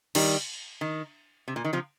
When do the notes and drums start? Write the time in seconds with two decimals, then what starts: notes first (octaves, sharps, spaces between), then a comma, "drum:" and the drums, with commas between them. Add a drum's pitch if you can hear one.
0.15 D#3 G3, drum: cymbal
0.81 D#3
1.48 C3
1.56 A#2
1.64 D#3
1.73 C3 F3